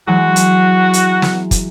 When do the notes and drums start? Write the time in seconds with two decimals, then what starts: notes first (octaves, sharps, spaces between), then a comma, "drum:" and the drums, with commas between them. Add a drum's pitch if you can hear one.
0.07 E3 F#3 G#3 F#4
0.36 drum: hi-hat
0.93 drum: hi-hat
1.22 drum: snare
1.51 drum: kick, hi-hat